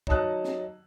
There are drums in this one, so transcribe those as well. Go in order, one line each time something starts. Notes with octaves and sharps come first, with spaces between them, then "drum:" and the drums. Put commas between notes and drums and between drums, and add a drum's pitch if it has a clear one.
F#3 D#4 A5 D#6 F#6, drum: kick
drum: snare